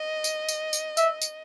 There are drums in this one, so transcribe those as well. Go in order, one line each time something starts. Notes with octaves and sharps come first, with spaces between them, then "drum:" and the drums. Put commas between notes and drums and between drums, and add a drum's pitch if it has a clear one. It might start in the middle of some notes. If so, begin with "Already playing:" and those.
Already playing: D#5
drum: tambourine
drum: tambourine
drum: tambourine
E5, drum: tambourine
drum: tambourine